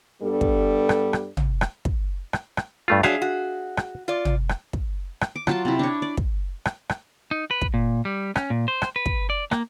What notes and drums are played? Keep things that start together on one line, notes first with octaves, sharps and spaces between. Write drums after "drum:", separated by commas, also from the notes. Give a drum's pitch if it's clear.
G2 G3 B3 D4 A4
drum: kick
drum: rim click
drum: rim click
drum: tom
drum: rim click
drum: kick
drum: rim click
drum: rim click
G2 A3 F4
F#3 D4 F#4 G#4 E5 F5, drum: rim click
F#4
drum: rim click
F4 D5
drum: tom
drum: rim click
drum: kick
drum: rim click
D6
F#3 F4 A5, drum: rim click
C3 E4
D4 C#5
D5
drum: kick
drum: rim click
drum: rim click
D#4
B4
drum: kick
A#2
G3
C#4, drum: rim click
A#2
C5
drum: rim click
B4
drum: kick
D5
A#3, drum: rim click